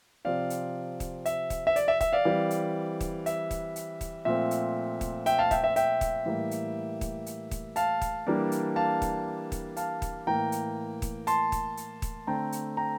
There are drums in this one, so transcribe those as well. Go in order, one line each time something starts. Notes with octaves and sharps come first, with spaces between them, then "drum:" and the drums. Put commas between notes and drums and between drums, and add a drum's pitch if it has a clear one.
C3 F3 C4 D5 F5
drum: hi-hat
drum: kick D#1, hi-hat
E5, drum: hi-hat
drum: kick D#1, hi-hat
E5
D5, drum: hi-hat
E5
E5, drum: kick D#1, hi-hat
D5 F5
E3 G3 C4
drum: hi-hat
drum: kick D#1, hi-hat
E5, drum: hi-hat
drum: kick D#1, hi-hat
drum: hi-hat
drum: kick D#1, hi-hat
A#2 F3 A3 C4 E5
drum: hi-hat
drum: kick D#1, hi-hat
E5 G5, drum: hi-hat
F5 A5
E5 G5, drum: kick D#1, hi-hat
E5
E5 G5, drum: hi-hat
drum: kick D#1, hi-hat
A2 E3 G3 A#3
drum: hi-hat
drum: kick D#1, hi-hat
drum: hi-hat
drum: kick D#1, hi-hat
F5 A5, drum: hi-hat
drum: kick D#1, hi-hat
E3 G3 A#3 D4
drum: hi-hat
F5 A5
drum: kick D#1, hi-hat
drum: kick D#1, hi-hat
F5 A5, drum: hi-hat
drum: kick D#1, hi-hat
A2 E3 A#3 G5 A#5
drum: hi-hat
drum: kick D#1, hi-hat
A5 C6, drum: hi-hat
drum: kick D#1, hi-hat
drum: hi-hat
drum: kick D#1, hi-hat
D3 A3 C4 G5 A#5
drum: hi-hat
G5 A#5